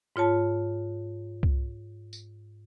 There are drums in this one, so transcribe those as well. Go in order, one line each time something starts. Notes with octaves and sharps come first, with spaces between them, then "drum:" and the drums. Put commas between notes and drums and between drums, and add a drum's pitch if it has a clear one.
G#2 F4 C#5 A5
drum: kick C2
drum: tambourine